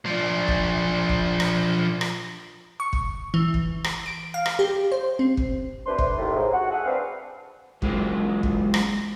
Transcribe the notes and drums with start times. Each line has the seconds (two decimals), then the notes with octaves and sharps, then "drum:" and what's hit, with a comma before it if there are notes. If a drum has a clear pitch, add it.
0.06 F3 D4
0.48 drum: kick
1.09 drum: kick
1.40 drum: rim click
2.01 drum: rim click
2.80 C#6
2.93 drum: kick
3.34 E3
3.54 drum: kick
3.84 drum: rim click
4.06 D7
4.34 F5
4.46 drum: rim click
4.59 G4
4.92 C5
5.19 C4
5.37 drum: kick
5.87 C3 A3 D4 B4 C5 C6
5.98 drum: kick
6.18 D#2 A2
6.35 G#2
6.53 F#4 F#5
6.70 G#4 A4 E5 F#5
6.85 C4 D4 B4 F5
7.82 E3 F#3 G#3 A#3 E4 F4, drum: kick
8.43 drum: kick
8.74 drum: rim click